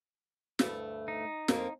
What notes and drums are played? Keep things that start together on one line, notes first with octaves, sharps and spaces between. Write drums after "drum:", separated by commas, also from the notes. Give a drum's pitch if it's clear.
D2 G2 A3, drum: snare
D#4
F2 A#3 C4, drum: snare